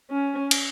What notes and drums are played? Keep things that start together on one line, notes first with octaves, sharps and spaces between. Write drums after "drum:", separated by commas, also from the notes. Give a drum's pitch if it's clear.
C#4
drum: cymbal